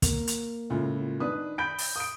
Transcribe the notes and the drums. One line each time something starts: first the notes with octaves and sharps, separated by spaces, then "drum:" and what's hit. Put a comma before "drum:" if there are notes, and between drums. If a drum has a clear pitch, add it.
A#3, drum: kick, hi-hat
drum: hi-hat
C#2 A2 F4
D#3 D4 B4 D#6
B5 G6 D7
drum: open hi-hat
D#6 D7